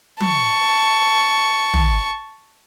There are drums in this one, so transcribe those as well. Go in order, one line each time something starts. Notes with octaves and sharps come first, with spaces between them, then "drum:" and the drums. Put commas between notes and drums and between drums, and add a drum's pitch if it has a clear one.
A5 C#6, drum: tom F3
drum: tom